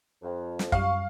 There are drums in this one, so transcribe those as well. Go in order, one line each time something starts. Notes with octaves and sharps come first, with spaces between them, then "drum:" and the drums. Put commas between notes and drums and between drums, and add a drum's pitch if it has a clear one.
F2
drum: snare
F#2 G3 F5 C#6, drum: kick